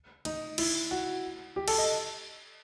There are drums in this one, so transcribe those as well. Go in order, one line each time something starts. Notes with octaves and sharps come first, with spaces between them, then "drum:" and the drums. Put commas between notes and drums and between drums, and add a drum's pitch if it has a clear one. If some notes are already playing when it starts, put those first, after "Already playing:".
D#4, drum: cymbal
E4, drum: cymbal
F#4
G4
A4, drum: cymbal
D#5